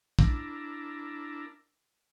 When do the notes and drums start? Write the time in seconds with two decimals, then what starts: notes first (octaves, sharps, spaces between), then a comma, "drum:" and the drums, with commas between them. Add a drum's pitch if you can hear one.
0.19 D4 E4 A#4, drum: kick